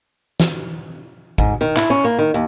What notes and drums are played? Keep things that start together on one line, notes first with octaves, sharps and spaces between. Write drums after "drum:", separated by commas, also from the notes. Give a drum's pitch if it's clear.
drum: snare
G#2, drum: kick
D#3
E4, drum: clap
C#4
A#3
D#3
D#2